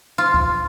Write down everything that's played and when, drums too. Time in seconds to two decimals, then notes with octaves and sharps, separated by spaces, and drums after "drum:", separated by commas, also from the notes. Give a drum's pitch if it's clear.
0.18 F4
0.34 drum: kick C#2